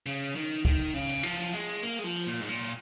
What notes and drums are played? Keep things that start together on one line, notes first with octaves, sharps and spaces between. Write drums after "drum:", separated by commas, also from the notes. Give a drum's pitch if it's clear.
C#3
D#3
D#3, drum: kick
C#3
drum: hi-hat
F3, drum: cymbal
G#3
A#3
G#3
F3
A#2
G#2
A#2